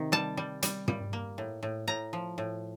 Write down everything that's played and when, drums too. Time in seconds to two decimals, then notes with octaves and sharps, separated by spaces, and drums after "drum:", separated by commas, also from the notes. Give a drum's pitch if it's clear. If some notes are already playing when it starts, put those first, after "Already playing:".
Already playing: C3 D#3
0.12 G3 A5
0.37 G3
0.63 G3, drum: hi-hat
0.88 G3, drum: tom
1.13 A#3
1.38 A2
1.63 A2
1.87 A2 A#5
2.13 F3
2.38 A2